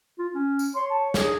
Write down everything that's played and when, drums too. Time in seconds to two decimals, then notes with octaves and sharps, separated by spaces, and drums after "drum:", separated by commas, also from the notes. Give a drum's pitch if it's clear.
0.19 F4
0.35 C#4
0.59 drum: tambourine
0.75 C#5 C6
0.89 A5
1.14 G#4 G#6, drum: snare